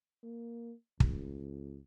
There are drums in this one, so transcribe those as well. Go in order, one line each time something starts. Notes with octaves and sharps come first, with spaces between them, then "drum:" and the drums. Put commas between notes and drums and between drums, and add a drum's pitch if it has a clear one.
A#3
C#2, drum: kick